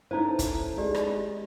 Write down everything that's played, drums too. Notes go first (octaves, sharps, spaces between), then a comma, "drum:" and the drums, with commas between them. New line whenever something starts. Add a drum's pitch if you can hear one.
A3 C#4 D#4 E4 B4 C5 A#5
drum: kick, hi-hat
G#3 G4 D5
drum: rim click